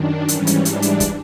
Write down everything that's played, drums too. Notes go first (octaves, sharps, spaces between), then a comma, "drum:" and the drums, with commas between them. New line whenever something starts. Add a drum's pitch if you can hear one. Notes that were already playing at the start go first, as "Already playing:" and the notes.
Already playing: F#2 D#3 D4
G#2 E3 G3 C#4, drum: hi-hat
drum: hi-hat
D4, drum: hi-hat
drum: hi-hat
drum: kick, hi-hat